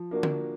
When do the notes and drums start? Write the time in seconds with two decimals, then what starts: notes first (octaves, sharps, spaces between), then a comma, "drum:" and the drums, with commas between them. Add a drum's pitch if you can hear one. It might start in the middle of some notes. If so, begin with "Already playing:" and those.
Already playing: F3
0.11 A#3 D4 F#4 A#4
0.23 drum: tom D3